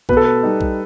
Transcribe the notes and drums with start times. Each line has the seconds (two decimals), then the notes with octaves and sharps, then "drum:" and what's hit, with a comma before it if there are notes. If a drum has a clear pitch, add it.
0.09 B2 B4, drum: kick B1
0.17 A4
0.25 B4
0.43 G3 D#4
0.61 drum: kick B1